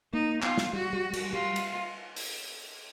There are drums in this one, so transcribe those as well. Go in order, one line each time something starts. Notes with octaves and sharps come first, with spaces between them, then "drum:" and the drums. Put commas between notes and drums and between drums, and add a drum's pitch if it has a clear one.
A#3 D#4
B3 F4, drum: clap
drum: snare
G3 F#4
G3
G3, drum: cymbal
G3 F4
drum: cymbal
drum: open hi-hat